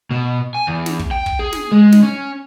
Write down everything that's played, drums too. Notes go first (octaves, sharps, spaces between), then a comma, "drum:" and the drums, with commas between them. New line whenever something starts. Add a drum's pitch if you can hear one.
B2
G#5
E2
drum: snare
drum: kick
G5
drum: kick
G#4
drum: snare
G#3
drum: snare
C#4